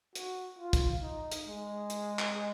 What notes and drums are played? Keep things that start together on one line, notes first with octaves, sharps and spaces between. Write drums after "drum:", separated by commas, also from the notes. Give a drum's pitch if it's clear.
F#4, drum: hi-hat
F4
drum: kick, hi-hat
D#4
drum: hi-hat
G#3
drum: hi-hat
drum: clap